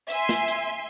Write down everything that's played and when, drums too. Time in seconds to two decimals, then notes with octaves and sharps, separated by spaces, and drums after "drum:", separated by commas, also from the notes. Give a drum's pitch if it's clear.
0.10 E5 G#5 C6, drum: hi-hat
0.29 drum: snare
0.48 drum: hi-hat